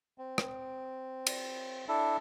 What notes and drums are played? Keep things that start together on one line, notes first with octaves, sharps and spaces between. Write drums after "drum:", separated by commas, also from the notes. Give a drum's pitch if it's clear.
C4
drum: rim click
drum: cymbal
D4 E4 A4